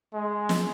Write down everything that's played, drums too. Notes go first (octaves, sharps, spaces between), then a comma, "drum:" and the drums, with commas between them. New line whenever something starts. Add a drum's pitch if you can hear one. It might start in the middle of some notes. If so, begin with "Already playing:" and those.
G#3
drum: snare